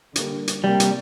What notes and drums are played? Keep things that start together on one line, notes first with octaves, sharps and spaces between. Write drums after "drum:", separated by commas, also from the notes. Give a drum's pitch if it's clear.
D3 G3 A#3, drum: hi-hat
drum: hi-hat
C3 G3 A#3
drum: hi-hat